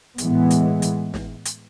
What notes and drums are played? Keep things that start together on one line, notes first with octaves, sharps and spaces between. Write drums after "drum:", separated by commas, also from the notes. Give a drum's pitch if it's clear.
A2 E3 G#3 B3, drum: hi-hat
drum: hi-hat
drum: hi-hat
drum: snare
drum: hi-hat